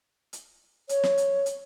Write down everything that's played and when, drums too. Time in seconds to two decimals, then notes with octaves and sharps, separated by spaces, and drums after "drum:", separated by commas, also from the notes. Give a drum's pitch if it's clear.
0.33 drum: hi-hat
0.89 C#5, drum: hi-hat
1.03 drum: snare
1.18 drum: hi-hat
1.46 drum: hi-hat